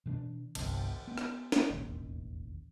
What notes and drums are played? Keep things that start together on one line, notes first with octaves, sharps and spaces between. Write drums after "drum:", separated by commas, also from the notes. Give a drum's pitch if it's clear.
B2 E3 D4
G1 C2 G2 E3, drum: cymbal
B3
drum: rim click
drum: snare
E1 A1 D#2 C#4